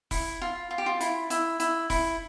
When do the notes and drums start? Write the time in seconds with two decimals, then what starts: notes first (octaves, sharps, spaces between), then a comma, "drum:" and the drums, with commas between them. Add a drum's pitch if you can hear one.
0.11 E4, drum: kick E1, open hi-hat
0.41 F4
0.71 F4
0.78 G4
0.86 F4
1.00 E4, drum: hi-hat
1.30 E4, drum: hi-hat
1.60 E4, drum: hi-hat
1.90 E4, drum: kick E1, open hi-hat